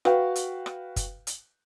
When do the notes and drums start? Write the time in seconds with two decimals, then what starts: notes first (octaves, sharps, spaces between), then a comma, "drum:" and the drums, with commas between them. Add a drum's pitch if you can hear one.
0.05 F#4 B4 F5 G5, drum: rim click
0.36 drum: hi-hat
0.66 drum: rim click
0.96 drum: kick, hi-hat
1.27 drum: hi-hat